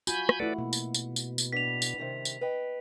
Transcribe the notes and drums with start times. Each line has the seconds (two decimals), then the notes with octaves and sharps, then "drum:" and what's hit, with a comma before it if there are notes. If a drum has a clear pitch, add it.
0.07 F4 F#4 G#5 B5 G6, drum: tambourine
0.29 drum: rim click
0.40 A3 E4 A4 B4 D5 F#5
0.59 B2 A#3
0.73 drum: tambourine
0.95 drum: tambourine
1.16 drum: tambourine
1.38 drum: tambourine
1.53 A2 B3 D4 B6 F7
1.82 drum: tambourine
1.98 C3 D#3 G3
2.25 drum: tambourine
2.41 B4 D#5 G5